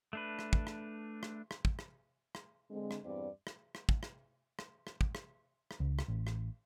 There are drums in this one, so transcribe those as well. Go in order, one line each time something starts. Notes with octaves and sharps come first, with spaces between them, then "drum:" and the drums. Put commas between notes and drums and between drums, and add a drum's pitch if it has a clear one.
A3 D4 B4
drum: rim click
drum: kick
drum: rim click
drum: rim click
drum: rim click
drum: kick
drum: rim click
drum: rim click
D3 G#3 C4
drum: rim click
E2 G2 C4 D5
drum: rim click
drum: rim click
drum: kick
drum: rim click
drum: rim click
drum: rim click
drum: kick
drum: rim click
drum: rim click
C#2
drum: rim click
A1
drum: rim click